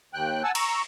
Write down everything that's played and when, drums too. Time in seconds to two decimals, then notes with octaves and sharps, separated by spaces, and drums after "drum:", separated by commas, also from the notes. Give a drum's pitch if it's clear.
0.14 D#2 G5 F#6
0.44 F#5 G#5 A5 E6
0.55 A#5 C#6 E6, drum: cymbal